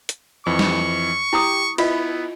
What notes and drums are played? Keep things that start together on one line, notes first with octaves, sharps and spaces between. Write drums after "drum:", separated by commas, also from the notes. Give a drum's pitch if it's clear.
drum: hi-hat
F2 E3 C#6
drum: snare
E4 G4 A#5 D#6
B3 E4 F4 D#5, drum: cymbal